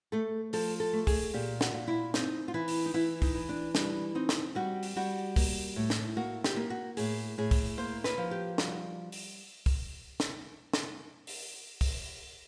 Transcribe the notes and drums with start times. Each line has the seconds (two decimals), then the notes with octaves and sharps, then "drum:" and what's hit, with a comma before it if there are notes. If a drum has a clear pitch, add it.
0.12 A3 A4
0.53 F3 A4, drum: open hi-hat
0.80 A4
0.93 A3
1.07 G#4, drum: kick, open hi-hat
1.34 A#2 G4
1.61 F#4, drum: snare
1.73 A#2
1.88 E4
2.14 C4 D#4, drum: snare
2.48 F4
2.54 E3 E4
2.68 drum: open hi-hat
2.86 D#4
2.94 E3 E4
3.22 D#4, drum: kick, open hi-hat
3.35 E3
3.49 D4
3.75 G3 D4, drum: snare
4.15 C4 D#4
4.29 drum: snare
4.55 G3 F#4
4.83 drum: open hi-hat
4.96 G3 F#4
5.36 A#3, drum: kick, open hi-hat
5.76 A2
5.90 drum: snare
6.17 A#3 F#4
6.44 G4, drum: snare
6.57 A#3
6.70 F#4
6.97 A2 G#4, drum: open hi-hat
7.38 A2 G#4
7.51 drum: kick, open hi-hat
7.78 A#3 C5
8.04 B4, drum: snare
8.18 F3
8.31 G4
8.58 G3 F#4, drum: snare
9.12 drum: open hi-hat
9.66 drum: kick, open hi-hat
10.20 drum: snare
10.74 drum: snare
11.27 drum: open hi-hat
11.81 drum: kick, open hi-hat